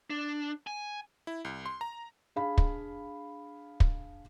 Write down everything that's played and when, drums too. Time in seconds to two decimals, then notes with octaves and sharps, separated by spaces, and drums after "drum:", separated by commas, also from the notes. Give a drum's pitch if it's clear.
0.10 D4
0.67 G#5
1.27 E4
1.45 C2
1.66 C6
1.81 A#5
2.36 D4 G#4 F5 B5
2.58 drum: kick
3.80 drum: kick